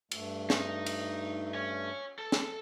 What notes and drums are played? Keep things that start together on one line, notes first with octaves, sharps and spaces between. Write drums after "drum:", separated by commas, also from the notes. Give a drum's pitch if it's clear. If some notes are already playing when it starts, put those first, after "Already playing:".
G2 A3, drum: cymbal
D#4, drum: snare
drum: cymbal
C#5 G#5
A4
drum: snare